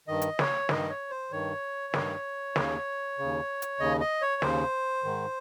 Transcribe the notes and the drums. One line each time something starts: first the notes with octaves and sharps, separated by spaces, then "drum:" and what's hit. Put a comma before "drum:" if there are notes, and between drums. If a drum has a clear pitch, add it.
G2 D#3 D#5
drum: hi-hat
C#5, drum: snare
G2 D#3 D#5, drum: snare
C#5
C5
G2 D#3 C#5
G2 D#3, drum: snare
D#2 C#3, drum: snare
D#2 C#3
drum: hi-hat
D#2 C#3 D#5
D#5
C#5
D#2 C#3 C5, drum: snare
G#2 D#3